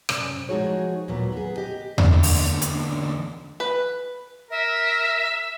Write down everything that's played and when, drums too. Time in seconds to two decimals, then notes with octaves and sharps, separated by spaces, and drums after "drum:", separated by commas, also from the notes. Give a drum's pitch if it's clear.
0.09 F#2 C3 C#4 D5, drum: rim click
0.49 F3 G#3 D#4 F#4 G#4 C#5
1.08 D#2 A#2 F#3 B3
1.32 B3 G#4
1.57 G4 D#5
1.98 E2 D3, drum: tom E2
2.23 drum: open hi-hat
2.62 drum: hi-hat
3.60 B4
4.51 A#4 E5